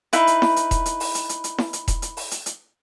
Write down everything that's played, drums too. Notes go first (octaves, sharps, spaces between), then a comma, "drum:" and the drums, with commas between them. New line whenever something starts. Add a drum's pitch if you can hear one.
D#4 E4 B4, drum: hi-hat
drum: hi-hat
drum: snare E4
drum: hi-hat
drum: kick E1, hi-hat
drum: hi-hat
drum: open hi-hat
drum: hi-hat
drum: hi-hat
drum: hi-hat
drum: snare E4
drum: hi-hat
drum: kick E1, hi-hat
drum: hi-hat
drum: open hi-hat
drum: hi-hat
drum: hi-hat